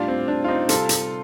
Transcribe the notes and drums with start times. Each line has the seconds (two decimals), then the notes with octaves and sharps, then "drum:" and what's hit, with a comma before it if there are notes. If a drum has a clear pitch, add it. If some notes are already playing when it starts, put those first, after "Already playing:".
Already playing: A2 G3 D4 F4
0.08 C4
0.28 D4
0.44 F4
0.48 C4 D#4
0.69 C3 G3 F4 A4, drum: hi-hat
0.89 drum: hi-hat